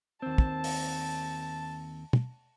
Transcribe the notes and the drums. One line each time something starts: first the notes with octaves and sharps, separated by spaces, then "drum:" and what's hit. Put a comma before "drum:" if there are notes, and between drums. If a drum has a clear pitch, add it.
D#2 C4 A5
drum: kick
drum: open hi-hat
drum: tom